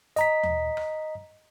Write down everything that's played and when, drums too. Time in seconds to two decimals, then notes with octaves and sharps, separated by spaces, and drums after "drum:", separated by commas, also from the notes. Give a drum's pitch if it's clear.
0.16 D#5 A#5 B6, drum: hi-hat
0.43 drum: tom D#2
0.77 drum: rim click